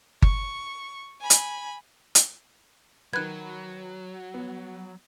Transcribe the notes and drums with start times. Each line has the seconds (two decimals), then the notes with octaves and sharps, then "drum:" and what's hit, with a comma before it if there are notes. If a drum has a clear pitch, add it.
0.22 C#6, drum: kick G1
1.21 G#5 B5
1.30 drum: hi-hat
2.15 drum: hi-hat
3.13 D#3 F#3 B4 F#6 G#6
4.34 B3